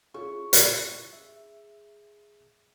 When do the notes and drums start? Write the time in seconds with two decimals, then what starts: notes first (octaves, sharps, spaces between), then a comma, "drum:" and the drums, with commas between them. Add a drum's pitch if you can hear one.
0.14 C#4 E4 F4 G#4 C#6
0.53 drum: hi-hat
1.13 E5